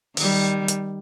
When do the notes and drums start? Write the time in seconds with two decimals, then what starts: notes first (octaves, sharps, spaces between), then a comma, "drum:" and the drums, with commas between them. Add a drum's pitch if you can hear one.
0.17 D#3 G3, drum: open hi-hat
0.68 drum: hi-hat